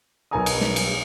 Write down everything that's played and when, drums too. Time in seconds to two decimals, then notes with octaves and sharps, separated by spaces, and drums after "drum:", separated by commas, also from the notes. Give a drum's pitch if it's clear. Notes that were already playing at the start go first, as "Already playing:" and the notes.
0.31 B1 B2 A#4 G#5 A#5 D#6
0.46 drum: cymbal
0.61 drum: snare
0.76 drum: cymbal